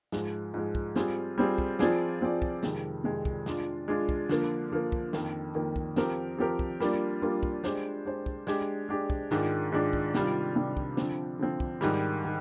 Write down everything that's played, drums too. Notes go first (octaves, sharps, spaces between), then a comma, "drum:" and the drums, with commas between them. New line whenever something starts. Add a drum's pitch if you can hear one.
G#2 F3 G#3, drum: snare
G#2 F3 G#3
drum: kick
G3 C4 F4 G#4, drum: snare
G3 C4 F4 G#4
drum: kick
F3 C4 F4 G#4 D5, drum: snare
F3 C4 F4 G#4 D5
drum: kick
F2 C3 D#3 G#3, drum: snare
F2 C3 D#3 G#3
drum: kick
G#3 D4 F4, drum: snare
G#3 D4 F4
drum: kick
D3 F3 A#3, drum: snare
D3 F3 A#3
drum: kick
F2 D#3 A#3, drum: snare
F2 D#3 A#3
drum: kick
F3 C4 G4 A#4, drum: snare
F3 C4 G4 A#4
drum: kick
G3 A#3 D4 F4, drum: snare
G3 A#3 D4 F4
drum: kick
G#3 D4 G4 C5, drum: snare
G#3 D4 G4 C5
drum: kick
G#3 D4 G4, drum: snare
G#3 D4 G4
drum: kick
G#2 D#3 G#3 D4 F4, drum: snare
G#2 D#3 G#3 D4 F4
drum: kick
C3 D#3 G3 D4 F4, drum: snare
C3 D#3 G3 D4 F4
drum: kick
D3 F3 C4, drum: snare
D3 F3 C4
drum: kick
G#2 D#3 G3, drum: snare
D#3